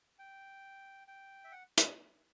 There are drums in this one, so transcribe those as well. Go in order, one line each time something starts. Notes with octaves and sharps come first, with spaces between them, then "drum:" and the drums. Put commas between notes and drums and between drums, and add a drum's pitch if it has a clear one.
G5
G5
E5
F#5
drum: hi-hat